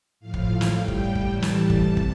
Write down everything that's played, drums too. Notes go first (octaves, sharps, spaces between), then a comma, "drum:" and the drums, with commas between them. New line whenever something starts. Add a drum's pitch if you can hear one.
A2 F3 F5
drum: kick
drum: snare
A2 G3 G5
drum: kick
drum: kick
A2 E3 G3 A5
drum: snare
drum: kick
C3 A5
drum: kick